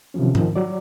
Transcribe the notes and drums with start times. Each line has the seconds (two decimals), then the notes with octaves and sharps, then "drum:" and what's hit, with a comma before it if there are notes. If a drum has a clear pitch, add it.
0.14 C3 D#3 F3 F#3 C#4
0.35 D#3 F3, drum: tom G#2
0.56 F#3 D5